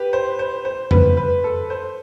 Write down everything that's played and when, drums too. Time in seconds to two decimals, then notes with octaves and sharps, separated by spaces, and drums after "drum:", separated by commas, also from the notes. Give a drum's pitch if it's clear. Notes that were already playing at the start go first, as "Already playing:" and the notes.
Already playing: G4 B4
0.13 C5
0.39 C5
0.65 C5
0.91 B4, drum: tom F2
1.17 B4
1.44 A4
1.70 C5